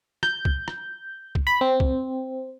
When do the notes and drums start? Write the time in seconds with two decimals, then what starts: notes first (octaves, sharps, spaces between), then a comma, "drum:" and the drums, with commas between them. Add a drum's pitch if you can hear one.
0.23 G6, drum: rim click
0.45 drum: kick
0.68 drum: rim click
1.35 drum: kick
1.47 B5
1.61 C4
1.80 drum: kick